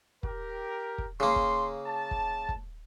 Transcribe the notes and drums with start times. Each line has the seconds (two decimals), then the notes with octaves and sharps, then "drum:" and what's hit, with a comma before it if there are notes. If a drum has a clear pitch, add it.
0.23 G4 A#4, drum: kick
0.98 drum: kick
1.20 C#3 A#3 C6
1.36 drum: kick
1.87 A5
2.11 drum: kick
2.49 drum: kick